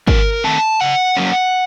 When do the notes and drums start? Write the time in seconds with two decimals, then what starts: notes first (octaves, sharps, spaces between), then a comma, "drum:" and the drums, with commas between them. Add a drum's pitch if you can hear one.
0.07 F2 A#4, drum: kick G#1
0.44 D#3 A3 C4 A5
0.81 C#3 F#5
1.17 F#3 A#3 C#4